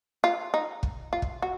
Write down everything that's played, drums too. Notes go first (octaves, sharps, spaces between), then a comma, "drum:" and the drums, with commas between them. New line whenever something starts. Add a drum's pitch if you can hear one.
F4
D#4
drum: kick
F4
drum: kick
F#4